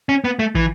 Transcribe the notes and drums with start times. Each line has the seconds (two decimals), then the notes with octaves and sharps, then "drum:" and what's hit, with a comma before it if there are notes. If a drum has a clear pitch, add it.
0.09 C#4
0.24 B3
0.39 A3
0.55 E3, drum: kick